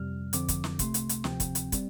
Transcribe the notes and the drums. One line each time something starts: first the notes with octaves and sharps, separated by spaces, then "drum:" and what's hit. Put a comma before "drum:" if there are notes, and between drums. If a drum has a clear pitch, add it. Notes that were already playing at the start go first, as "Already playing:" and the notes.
Already playing: F2 C3 G3 F6
F2 D3 F3 C4 D6, drum: hi-hat
drum: kick, hi-hat
drum: snare
C2 C3 A3 C6, drum: kick, hi-hat
drum: hi-hat
drum: hi-hat
D2 C3 F3 C4 G5, drum: snare
drum: kick, hi-hat
drum: hi-hat
G3 C4, drum: kick, hi-hat